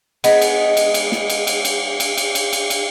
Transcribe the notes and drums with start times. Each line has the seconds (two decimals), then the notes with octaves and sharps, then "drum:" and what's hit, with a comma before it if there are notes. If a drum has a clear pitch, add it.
0.24 G#3 B3, drum: cymbal
0.42 drum: cymbal
0.77 drum: cymbal
0.94 drum: cymbal
1.12 drum: snare
1.30 drum: cymbal
1.47 drum: cymbal
1.65 drum: cymbal
2.00 drum: cymbal
2.17 drum: cymbal
2.35 drum: cymbal
2.53 drum: cymbal
2.70 drum: cymbal